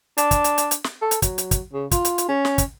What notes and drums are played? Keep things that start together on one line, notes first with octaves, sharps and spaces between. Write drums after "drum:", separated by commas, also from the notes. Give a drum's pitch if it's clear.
D4, drum: hi-hat
drum: kick, hi-hat
drum: hi-hat
drum: hi-hat
drum: hi-hat
drum: snare
A4
drum: hi-hat
F#3, drum: kick, hi-hat
drum: hi-hat
drum: kick, hi-hat
C#3
F4, drum: kick, hi-hat
drum: hi-hat
drum: hi-hat
C#4
drum: snare
drum: kick, hi-hat